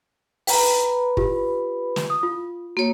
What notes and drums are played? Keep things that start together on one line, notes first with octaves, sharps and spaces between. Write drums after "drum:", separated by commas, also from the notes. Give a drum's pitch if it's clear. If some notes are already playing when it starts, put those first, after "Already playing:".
B4 G5 A#5 B5, drum: open hi-hat
F4 G4, drum: kick
drum: snare
D#6
F4
A#3 F#4 C#5